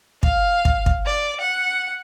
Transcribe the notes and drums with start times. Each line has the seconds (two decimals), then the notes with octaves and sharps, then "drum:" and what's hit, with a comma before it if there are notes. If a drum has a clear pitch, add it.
0.23 F5, drum: kick
0.65 drum: kick
0.86 drum: kick
1.06 D5
1.41 F#5